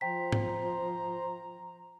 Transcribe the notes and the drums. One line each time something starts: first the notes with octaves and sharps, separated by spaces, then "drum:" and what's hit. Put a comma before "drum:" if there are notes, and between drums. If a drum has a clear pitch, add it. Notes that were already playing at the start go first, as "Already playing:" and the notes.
F3 C5 G5 A#5 B6
drum: tom G#2